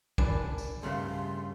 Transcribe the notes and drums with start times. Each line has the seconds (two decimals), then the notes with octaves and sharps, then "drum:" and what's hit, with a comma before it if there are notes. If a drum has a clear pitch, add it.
0.18 D4 A#4 G#5 B5, drum: kick
0.58 drum: tambourine
0.83 G2 C#3 A3 G#4 F5 C6